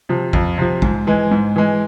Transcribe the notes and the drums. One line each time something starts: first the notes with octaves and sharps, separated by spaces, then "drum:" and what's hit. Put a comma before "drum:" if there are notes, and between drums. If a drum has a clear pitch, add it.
C3 F3
F2, drum: kick
C3 F3
G#2, drum: kick
E3 G#3
G#2
E3 G#3